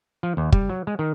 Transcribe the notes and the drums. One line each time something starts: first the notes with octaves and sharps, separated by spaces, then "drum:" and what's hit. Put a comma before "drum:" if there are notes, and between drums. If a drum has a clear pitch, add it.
F3
D#2
G3, drum: kick
F#3
G#3
D#3